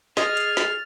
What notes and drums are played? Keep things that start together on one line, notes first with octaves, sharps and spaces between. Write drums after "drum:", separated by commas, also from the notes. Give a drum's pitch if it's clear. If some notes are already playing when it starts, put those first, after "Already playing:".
G#4 D#5 F6 A6, drum: snare
drum: hi-hat
drum: snare